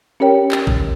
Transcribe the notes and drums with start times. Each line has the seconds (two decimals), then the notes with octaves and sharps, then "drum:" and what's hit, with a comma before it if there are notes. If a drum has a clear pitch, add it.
0.20 C#4 G4 A#4 C#5 G5
0.51 drum: clap
0.67 drum: kick A1